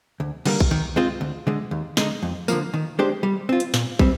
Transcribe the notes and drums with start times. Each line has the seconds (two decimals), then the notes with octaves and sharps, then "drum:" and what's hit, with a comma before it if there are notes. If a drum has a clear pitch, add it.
0.20 D2
0.45 D3 G3 A#3, drum: cymbal
0.60 drum: kick
0.71 D#3
0.96 G#3 C4 F4 C5
1.21 D2
1.47 D3 G#3
1.71 D#2
1.97 D3 G#3 D#4, drum: snare
2.23 F2
2.48 D3 F3 A#3, drum: tambourine
2.74 D#3
2.99 G#3 D4 G4 C5
3.23 G3
3.49 C4 F4
3.60 drum: hi-hat
3.74 A#2, drum: snare
3.99 G3 C4, drum: kick